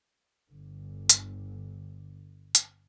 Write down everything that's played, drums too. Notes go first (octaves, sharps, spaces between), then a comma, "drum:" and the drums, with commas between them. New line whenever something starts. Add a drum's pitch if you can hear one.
G1 D3
drum: hi-hat
drum: hi-hat